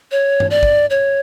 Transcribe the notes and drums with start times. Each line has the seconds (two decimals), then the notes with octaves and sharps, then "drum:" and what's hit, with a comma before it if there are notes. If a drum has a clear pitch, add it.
0.11 C#5
0.40 drum: tom G2
0.50 D5
0.63 drum: kick
0.90 C#5